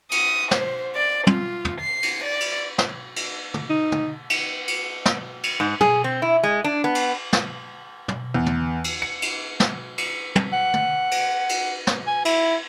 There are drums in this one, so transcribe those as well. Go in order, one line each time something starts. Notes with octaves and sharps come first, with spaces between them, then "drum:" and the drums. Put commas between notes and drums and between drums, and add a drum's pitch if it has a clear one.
D#6, drum: cymbal
C5, drum: snare
D5
F4, drum: tom
drum: tom
C7
drum: cymbal
D5
drum: cymbal
drum: snare
drum: cymbal
drum: tom
D#4
drum: tom
drum: cymbal
drum: cymbal
drum: snare
drum: cymbal
G#2
G#4, drum: tom
C4
E4
G#3
D4
B3
drum: cymbal
drum: snare
drum: tom
E2
drum: tom
drum: cymbal
C#7
drum: cymbal
drum: snare
drum: cymbal
drum: tom
F#5
drum: tom
drum: cymbal
drum: cymbal
drum: snare
G#5
E4, drum: cymbal